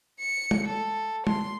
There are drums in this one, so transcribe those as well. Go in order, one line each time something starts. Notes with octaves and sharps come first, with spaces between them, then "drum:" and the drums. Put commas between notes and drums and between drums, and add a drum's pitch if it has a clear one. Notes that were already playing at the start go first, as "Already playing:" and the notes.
C#7
drum: tom
A4
C6, drum: tom